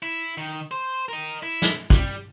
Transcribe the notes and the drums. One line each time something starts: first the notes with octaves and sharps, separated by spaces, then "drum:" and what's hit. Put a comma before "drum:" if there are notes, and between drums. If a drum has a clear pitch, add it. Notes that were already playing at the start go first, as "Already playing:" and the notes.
E4
D#3
C5
A#4 D#5
E4
drum: snare
G3, drum: kick